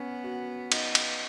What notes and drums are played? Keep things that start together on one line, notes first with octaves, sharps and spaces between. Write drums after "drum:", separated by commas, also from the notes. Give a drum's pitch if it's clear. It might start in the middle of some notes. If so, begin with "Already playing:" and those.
Already playing: B3 C#4
F#4
D#4, drum: cymbal
drum: cymbal